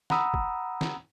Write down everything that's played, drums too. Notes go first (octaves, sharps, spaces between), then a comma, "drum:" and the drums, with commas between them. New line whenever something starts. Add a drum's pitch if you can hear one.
F#5 A#5 B5 D#6 E6, drum: snare
drum: kick
drum: snare